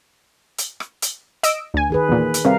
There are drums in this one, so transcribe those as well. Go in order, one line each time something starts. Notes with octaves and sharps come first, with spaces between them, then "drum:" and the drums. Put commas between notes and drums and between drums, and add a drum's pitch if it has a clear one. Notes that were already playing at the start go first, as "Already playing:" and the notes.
drum: hi-hat
drum: rim click
drum: hi-hat
D#5 E6 D7, drum: hi-hat
D2 G#5
D#3 G#4 B4
E2 A#2
drum: hi-hat
C3 G3 A#4 F5